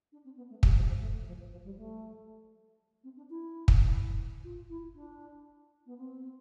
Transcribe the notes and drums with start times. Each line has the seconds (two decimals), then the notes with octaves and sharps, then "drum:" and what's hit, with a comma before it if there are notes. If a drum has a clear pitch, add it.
0.12 D4
0.25 C4
0.37 B3
0.50 A3
0.63 G3, drum: kick
0.76 F3
0.88 F3
1.01 A3
1.27 F3
1.39 F3
1.51 F3
1.65 G3
1.77 A3
3.04 C4
3.17 D4
3.30 E4
3.68 drum: kick
4.44 F4
4.69 E4
4.95 D4
5.86 B3
5.97 C4